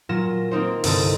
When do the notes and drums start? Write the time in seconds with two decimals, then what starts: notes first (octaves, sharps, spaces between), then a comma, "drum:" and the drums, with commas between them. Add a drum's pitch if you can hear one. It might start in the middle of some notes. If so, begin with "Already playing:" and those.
0.09 A#2 F#3 F4 A#6 E7
0.51 A#3 C4 D#4 C5
0.84 C2 G2 D3 A4 D#5, drum: open hi-hat